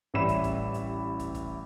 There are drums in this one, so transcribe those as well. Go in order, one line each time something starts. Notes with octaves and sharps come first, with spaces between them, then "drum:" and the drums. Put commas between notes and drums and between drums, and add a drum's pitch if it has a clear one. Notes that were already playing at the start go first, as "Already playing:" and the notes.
A1 G3 E5 B5 E6 E7
drum: kick, hi-hat
drum: kick, hi-hat
drum: hi-hat
drum: kick, hi-hat
drum: kick, hi-hat